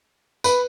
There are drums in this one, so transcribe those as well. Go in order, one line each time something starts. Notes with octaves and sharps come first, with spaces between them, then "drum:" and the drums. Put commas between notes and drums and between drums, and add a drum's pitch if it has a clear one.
B4, drum: tambourine